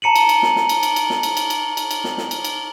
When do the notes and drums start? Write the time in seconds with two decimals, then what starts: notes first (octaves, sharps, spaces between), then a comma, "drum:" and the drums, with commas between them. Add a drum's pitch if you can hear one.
0.02 A5 A#5 C#7 D#7 F#7
0.16 drum: cymbal
0.29 drum: cymbal
0.42 drum: snare
0.56 drum: snare
0.69 drum: cymbal
0.83 drum: cymbal
0.96 drum: cymbal
1.10 drum: snare
1.23 drum: cymbal
1.37 drum: cymbal
1.50 drum: cymbal
1.77 drum: cymbal
1.91 drum: cymbal
2.04 drum: snare
2.18 drum: snare
2.31 drum: cymbal
2.45 drum: cymbal